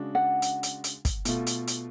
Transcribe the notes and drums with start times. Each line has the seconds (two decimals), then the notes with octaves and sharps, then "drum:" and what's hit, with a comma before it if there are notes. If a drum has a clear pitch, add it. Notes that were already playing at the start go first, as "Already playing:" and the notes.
Already playing: C#3 G#3 D4 F#4
0.15 F#5
0.42 drum: hi-hat
0.63 drum: hi-hat
0.84 drum: hi-hat
1.05 drum: kick, hi-hat
1.25 B2 A3 F4, drum: hi-hat
1.47 drum: hi-hat
1.68 drum: hi-hat